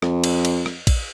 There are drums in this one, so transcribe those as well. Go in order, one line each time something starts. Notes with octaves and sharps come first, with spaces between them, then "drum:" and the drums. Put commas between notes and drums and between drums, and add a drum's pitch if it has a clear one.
F2, drum: rim click
drum: cymbal
drum: cymbal
drum: rim click
drum: kick A#1, cymbal